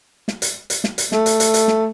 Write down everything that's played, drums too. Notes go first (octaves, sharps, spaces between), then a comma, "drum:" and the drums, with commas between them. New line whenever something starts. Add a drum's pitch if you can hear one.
drum: snare
drum: hi-hat
drum: hi-hat
drum: snare
drum: hi-hat
A3, drum: snare
drum: hi-hat
drum: hi-hat
drum: hi-hat
drum: snare